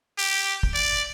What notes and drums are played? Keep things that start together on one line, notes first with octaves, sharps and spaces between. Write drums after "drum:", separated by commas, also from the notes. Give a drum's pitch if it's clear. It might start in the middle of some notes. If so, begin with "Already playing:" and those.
G4
drum: kick
D5